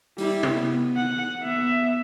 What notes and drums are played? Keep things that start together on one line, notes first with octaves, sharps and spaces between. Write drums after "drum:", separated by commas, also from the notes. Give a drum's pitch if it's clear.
G3 E4, drum: open hi-hat
drum: tom C3
B3
F#5
B3 E5